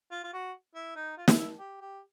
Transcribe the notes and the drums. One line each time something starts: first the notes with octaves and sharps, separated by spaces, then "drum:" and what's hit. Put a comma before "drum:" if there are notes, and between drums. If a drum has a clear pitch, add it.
F4
F4
F#4
E4
D#4
F4
E4, drum: snare
E4
G4
G4